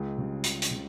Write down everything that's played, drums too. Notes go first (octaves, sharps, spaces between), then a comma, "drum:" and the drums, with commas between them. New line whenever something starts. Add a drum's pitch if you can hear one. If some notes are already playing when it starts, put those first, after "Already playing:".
Already playing: C#2 G#3 G#4
C#3 G3
C#2, drum: hi-hat
drum: hi-hat
C#3